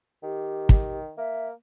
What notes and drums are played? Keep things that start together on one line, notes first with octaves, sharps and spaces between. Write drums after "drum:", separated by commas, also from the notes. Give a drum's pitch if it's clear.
D#3 G4
drum: kick
A#3 E5